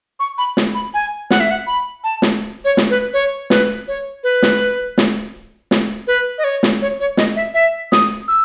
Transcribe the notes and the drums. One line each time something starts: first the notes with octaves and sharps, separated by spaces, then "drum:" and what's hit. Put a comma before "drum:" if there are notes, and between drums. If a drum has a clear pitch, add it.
C#6
B5
drum: snare
B5
G#5
F#5, drum: snare
E5
F#5
B5
A5
drum: snare
C#5
drum: snare
B4
C#5
B4, drum: snare
C#5
B4
drum: snare
drum: snare
drum: snare
B4
D#5
C#5
drum: snare
C#5
C#5
D#5, drum: snare
E5
E5
D#6, drum: snare
E6